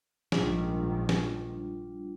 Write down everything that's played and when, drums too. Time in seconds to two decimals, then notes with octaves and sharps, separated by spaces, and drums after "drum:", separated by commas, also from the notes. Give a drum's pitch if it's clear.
0.32 A#1 G#2 D#3 G3 D4 F4, drum: snare
1.09 drum: snare